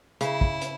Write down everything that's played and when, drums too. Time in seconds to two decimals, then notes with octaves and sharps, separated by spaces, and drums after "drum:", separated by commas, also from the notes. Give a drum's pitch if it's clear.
0.21 C#3 E4, drum: hi-hat
0.41 drum: kick
0.61 drum: hi-hat